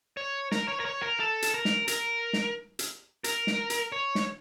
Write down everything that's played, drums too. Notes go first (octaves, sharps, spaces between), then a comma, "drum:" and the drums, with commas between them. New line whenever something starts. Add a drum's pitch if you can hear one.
C#5
A#4, drum: snare
C#5
A#4
C#5
A#4
A4
drum: hi-hat
A#4
drum: snare
A#4, drum: hi-hat
drum: snare
drum: hi-hat
A#4, drum: hi-hat
drum: snare
drum: hi-hat
C#5
drum: snare